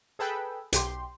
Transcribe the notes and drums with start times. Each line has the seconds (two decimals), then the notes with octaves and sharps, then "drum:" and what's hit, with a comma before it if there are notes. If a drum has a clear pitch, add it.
0.19 G#4 A4 B4 G5 B5 E6
0.73 B1 G4 C6, drum: hi-hat